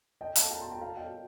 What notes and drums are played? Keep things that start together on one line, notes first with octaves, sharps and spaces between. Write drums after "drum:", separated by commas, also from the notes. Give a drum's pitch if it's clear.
D#5 G5
F5 A5, drum: hi-hat
G5 A#5
A5 C6
G5 A#5
F5 A5
D#5 G5